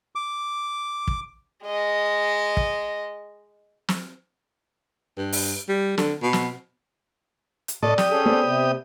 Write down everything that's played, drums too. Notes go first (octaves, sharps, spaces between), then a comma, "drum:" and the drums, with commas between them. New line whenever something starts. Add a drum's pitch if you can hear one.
D6
drum: kick
G#3 D#5
drum: kick
drum: snare
G2
drum: open hi-hat
G3
D3, drum: snare
B2
drum: snare
drum: hi-hat
A2 A4 D5 D#5
G4 D#6, drum: snare
C#4 G#4 A4
B3 C5 D5
C3